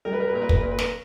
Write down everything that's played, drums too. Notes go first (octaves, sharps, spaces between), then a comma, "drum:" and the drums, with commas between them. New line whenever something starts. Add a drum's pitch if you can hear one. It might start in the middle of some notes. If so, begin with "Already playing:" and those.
G3 A#4
B4
A#4
B4
A#2 A#4
B4
A#4, drum: kick
B4
A#2 A#4
B4
A#4, drum: snare